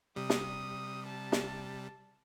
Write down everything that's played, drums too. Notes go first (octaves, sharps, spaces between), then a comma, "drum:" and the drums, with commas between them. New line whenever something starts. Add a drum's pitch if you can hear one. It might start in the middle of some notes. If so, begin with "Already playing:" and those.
C3 G3 D#6
drum: snare
A5
drum: snare